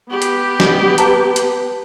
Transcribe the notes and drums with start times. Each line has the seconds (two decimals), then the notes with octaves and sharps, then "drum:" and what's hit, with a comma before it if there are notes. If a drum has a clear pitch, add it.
0.10 B3 G4
0.22 drum: hi-hat
0.60 drum: snare
0.98 B4 A5 A#5, drum: hi-hat
1.36 drum: hi-hat